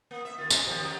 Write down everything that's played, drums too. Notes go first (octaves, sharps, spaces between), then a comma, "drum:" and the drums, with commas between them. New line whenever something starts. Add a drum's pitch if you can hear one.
A#3
E5
D#2 F4
G#3 F4, drum: tambourine
D#2 F3 G3
F#2 D#3 F#3